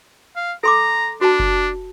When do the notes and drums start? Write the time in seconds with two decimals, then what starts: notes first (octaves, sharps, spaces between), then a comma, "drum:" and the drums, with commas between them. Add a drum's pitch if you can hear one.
0.36 F5
0.63 A4 A#5 C6 D6
1.21 D4 F#4 A5
1.39 drum: kick F#1